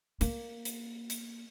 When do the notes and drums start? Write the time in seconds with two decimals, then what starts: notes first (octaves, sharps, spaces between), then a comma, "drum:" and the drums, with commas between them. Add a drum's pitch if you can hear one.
0.21 A#3, drum: hi-hat
0.65 drum: hi-hat
1.10 drum: hi-hat